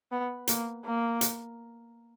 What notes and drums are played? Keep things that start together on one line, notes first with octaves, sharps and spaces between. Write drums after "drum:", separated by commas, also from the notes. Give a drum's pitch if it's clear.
B3
A#3, drum: hi-hat
A#3
drum: hi-hat